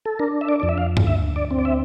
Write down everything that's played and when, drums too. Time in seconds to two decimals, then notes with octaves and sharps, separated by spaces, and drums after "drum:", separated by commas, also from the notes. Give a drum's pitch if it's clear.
0.06 A4
0.19 D4 A#4
0.41 E5
0.49 D5
0.60 F2 D5
0.69 E5
0.78 F5
0.97 drum: tom G2
1.07 D2 E5
1.36 D5
1.51 C4
1.59 D5
1.65 E5